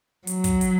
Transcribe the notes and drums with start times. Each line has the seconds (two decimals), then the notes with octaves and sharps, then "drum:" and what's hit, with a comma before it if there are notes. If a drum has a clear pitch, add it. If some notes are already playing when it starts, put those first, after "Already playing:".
0.27 F#3, drum: hi-hat
0.44 drum: kick, hi-hat
0.61 drum: hi-hat